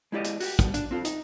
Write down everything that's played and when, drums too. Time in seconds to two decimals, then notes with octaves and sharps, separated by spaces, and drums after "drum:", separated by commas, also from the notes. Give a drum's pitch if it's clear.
0.12 G#3 E4 G4 D5 D#5
0.24 drum: hi-hat
0.40 F#4 G4, drum: open hi-hat
0.59 B2 G3 B3, drum: kick, hi-hat
0.74 D4, drum: hi-hat
0.91 C4 F4 A4
1.05 D#4, drum: hi-hat